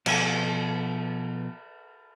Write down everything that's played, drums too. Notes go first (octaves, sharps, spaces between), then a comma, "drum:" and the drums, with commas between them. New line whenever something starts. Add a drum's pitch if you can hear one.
B2 F3 G#4 A4 C#5 G#5, drum: cymbal